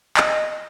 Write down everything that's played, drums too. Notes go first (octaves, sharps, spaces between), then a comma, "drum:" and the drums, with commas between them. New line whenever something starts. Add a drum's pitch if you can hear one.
D#5, drum: clap